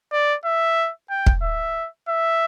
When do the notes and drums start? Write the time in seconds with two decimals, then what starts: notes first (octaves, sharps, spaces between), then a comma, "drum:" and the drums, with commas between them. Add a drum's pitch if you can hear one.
0.12 D5
0.45 E5
1.10 G5
1.26 drum: kick
1.43 E5
2.08 E5